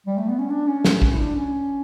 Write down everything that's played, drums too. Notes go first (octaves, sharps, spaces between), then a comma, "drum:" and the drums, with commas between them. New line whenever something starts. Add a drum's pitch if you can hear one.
G3
A3
B3
C#4
D4
C#4
C#4, drum: snare
drum: kick
E4
D4
C#4